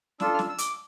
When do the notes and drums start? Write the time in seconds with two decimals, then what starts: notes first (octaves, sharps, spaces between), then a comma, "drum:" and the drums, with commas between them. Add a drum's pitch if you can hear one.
0.20 D4 F4 A4 E6, drum: snare
0.34 F6
0.39 E6, drum: snare
0.49 E6
0.58 D6, drum: hi-hat